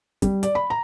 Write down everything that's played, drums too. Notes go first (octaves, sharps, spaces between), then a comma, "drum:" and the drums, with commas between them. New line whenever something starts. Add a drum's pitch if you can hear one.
G3, drum: kick, hi-hat
D5, drum: hi-hat
B5
A#5